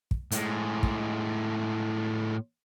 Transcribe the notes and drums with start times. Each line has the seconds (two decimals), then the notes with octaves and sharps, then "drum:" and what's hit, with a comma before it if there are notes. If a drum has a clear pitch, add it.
0.11 drum: kick
0.31 A2 G#3, drum: hi-hat
0.83 drum: kick